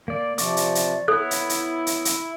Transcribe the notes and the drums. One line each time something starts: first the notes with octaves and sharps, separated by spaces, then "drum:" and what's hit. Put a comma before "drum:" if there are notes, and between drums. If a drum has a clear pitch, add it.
A#3 D5
C3 F3 D5 C#6 D6, drum: hi-hat
drum: hi-hat
drum: hi-hat
B3 E4 A4 C#5 F#6
drum: hi-hat
drum: hi-hat
drum: hi-hat
drum: hi-hat